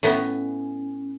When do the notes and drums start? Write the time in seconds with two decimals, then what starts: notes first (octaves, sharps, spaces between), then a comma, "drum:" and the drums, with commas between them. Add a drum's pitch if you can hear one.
0.03 A2 B3 C#4, drum: hi-hat